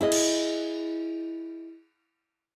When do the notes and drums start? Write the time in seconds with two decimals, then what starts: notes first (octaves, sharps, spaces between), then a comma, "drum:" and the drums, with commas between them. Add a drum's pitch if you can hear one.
0.01 E4 G#4 D#5
0.12 drum: cymbal